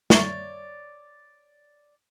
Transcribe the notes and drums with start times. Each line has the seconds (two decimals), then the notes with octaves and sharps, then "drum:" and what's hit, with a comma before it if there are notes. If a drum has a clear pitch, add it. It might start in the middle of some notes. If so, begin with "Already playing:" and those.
0.10 C#5 D5, drum: snare